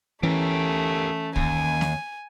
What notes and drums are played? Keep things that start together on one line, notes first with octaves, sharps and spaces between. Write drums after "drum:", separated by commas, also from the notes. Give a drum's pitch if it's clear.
E3 A3 C#4 G4 A#4
D#2 G#5, drum: kick
drum: snare